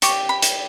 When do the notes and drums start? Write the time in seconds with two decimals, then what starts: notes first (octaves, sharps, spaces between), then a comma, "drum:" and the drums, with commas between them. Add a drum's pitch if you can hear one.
0.02 G4 D5 C#6, drum: hi-hat
0.29 B5
0.42 drum: hi-hat